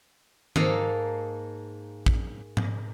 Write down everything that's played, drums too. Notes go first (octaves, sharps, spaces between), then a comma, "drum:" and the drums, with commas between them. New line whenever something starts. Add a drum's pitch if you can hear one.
G#2 A#3 A4 D#5, drum: tom D#3
drum: kick A1
drum: tom G#2